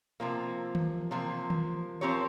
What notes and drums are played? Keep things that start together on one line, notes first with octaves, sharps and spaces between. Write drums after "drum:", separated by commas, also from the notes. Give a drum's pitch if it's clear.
C3 F3 A#3
drum: tom D#3
C3 F3 A#3
drum: tom D#3
F3 C4 G4 A#4 C#5